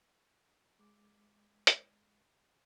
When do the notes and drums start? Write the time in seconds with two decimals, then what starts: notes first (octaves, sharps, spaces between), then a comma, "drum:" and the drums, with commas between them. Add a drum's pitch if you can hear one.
0.79 G#3 D6
1.67 drum: hi-hat